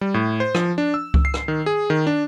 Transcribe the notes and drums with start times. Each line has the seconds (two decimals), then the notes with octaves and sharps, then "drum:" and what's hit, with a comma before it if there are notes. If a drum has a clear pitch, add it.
0.01 G3
0.14 A2
0.40 C5
0.55 F3, drum: rim click
0.78 D4
0.94 E6
1.14 drum: kick C#2
1.25 C7
1.34 drum: rim click
1.48 D#3
1.66 G#4
1.90 D#3
2.07 D4